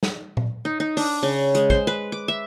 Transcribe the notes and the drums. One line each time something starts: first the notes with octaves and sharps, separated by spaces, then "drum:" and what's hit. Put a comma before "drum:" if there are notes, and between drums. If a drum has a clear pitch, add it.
drum: snare
drum: tom A#2
D#4
D#4
D4, drum: open hi-hat
C#3
G#3, drum: hi-hat
C5, drum: kick
B4
D6
E5